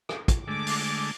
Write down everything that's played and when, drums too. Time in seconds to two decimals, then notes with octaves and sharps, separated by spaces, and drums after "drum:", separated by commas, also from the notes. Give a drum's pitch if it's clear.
0.09 drum: rim click
0.28 drum: kick, hi-hat
0.47 D3 G#3 A3 D6
0.67 drum: open hi-hat